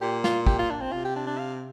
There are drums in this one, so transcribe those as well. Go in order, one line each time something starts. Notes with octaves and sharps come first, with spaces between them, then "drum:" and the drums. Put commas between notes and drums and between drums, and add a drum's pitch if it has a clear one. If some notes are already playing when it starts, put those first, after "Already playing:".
A#2 G4
F4, drum: snare
G4, drum: kick
F4
D4
C4
C3 F4
G4
D4
D4
F5